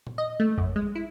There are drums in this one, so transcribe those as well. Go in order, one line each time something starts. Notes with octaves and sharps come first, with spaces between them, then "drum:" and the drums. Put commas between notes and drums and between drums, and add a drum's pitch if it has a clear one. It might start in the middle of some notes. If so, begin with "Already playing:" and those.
drum: tom A#2
D#5
A3
F#2, drum: kick A1
G#3
E4